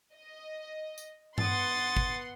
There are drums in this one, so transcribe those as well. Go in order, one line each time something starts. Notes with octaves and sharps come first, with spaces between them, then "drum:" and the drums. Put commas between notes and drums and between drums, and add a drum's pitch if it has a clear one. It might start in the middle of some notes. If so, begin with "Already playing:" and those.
D#5
drum: tambourine
B3 F#5 C6 D#6 A6, drum: tom G2
drum: kick